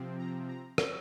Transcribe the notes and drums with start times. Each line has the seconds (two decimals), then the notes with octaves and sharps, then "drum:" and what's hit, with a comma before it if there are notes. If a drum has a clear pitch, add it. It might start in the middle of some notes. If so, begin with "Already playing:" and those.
Already playing: C3 F3 C4
0.19 A#5
0.49 A#5
0.78 drum: rim click